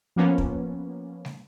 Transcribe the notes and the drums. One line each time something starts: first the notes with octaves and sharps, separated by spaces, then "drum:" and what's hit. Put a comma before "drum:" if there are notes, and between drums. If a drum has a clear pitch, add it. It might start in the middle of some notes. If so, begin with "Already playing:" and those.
F3 A#3 B3 C#4
drum: kick
drum: snare